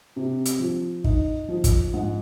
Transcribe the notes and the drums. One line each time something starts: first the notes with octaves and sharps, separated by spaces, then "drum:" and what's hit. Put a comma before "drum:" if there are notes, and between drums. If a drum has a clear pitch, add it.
C3
drum: hi-hat
F3
D#4, drum: kick
F3
drum: kick, hi-hat
G#2